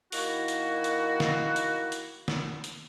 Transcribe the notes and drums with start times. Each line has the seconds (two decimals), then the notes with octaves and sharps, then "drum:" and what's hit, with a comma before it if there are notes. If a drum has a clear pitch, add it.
0.12 D#3 A#3 E4 F#4, drum: open hi-hat
0.48 drum: hi-hat
0.84 drum: hi-hat
1.20 drum: snare
1.56 drum: hi-hat
1.92 drum: hi-hat
2.28 drum: snare
2.64 drum: hi-hat